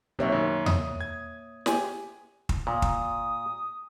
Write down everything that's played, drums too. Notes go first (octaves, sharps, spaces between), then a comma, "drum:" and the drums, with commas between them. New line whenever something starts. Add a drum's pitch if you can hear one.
B1 C3 A#3 C#5 E5
F#2 D#3
D#6, drum: tom E2
G#6
G4 G#5, drum: snare
drum: kick
A#2 D#6
drum: kick